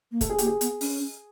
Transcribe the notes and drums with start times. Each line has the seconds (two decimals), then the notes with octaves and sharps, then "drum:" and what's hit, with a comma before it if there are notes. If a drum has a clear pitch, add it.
0.12 A#3
0.21 A3 A4, drum: kick, hi-hat
0.30 G#4
0.38 A#3 G4, drum: hi-hat
0.47 G#4
0.61 B3, drum: hi-hat
0.81 C#4, drum: open hi-hat